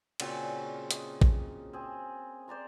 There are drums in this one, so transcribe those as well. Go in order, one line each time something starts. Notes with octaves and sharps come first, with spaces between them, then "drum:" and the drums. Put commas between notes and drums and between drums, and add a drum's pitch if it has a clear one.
A#2 C#3 C4 F#4, drum: cymbal
D#5, drum: hi-hat
drum: kick
C4 G#4
C5 D5 A#5 C6